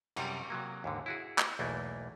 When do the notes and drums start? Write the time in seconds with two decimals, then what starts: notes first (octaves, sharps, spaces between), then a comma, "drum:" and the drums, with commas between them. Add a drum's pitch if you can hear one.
0.16 F#2 C3 G3, drum: cymbal
0.50 C3 F#3 A#3
0.84 D#2 G#2 D3
1.06 E4 F#4 G#4
1.38 drum: clap
1.59 B1 E2 E3 A3 A#3